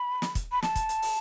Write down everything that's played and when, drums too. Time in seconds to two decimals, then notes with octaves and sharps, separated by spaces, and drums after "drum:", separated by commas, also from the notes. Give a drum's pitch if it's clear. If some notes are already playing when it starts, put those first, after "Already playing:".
Already playing: B5
0.22 drum: snare
0.35 drum: kick, hi-hat
0.52 B5
0.62 A5, drum: snare
0.76 drum: kick, hi-hat
0.89 drum: hi-hat
1.02 drum: open hi-hat